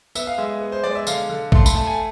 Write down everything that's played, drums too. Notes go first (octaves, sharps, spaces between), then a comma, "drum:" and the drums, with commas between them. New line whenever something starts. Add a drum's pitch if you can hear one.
B3 E5, drum: tambourine
F5
G#3 E5
B3
C5
G#3 D5
E5
D3 F5, drum: tambourine
D3
A3 C6, drum: kick A1
B5, drum: tambourine
A3 A5
G#5